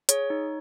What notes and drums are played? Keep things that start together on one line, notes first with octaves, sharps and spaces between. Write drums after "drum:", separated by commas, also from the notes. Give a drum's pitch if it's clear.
G#4 C#5, drum: hi-hat
D#4